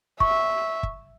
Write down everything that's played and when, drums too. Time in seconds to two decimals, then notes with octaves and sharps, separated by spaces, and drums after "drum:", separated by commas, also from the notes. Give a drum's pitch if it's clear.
0.20 E5 C#6, drum: kick
0.83 drum: kick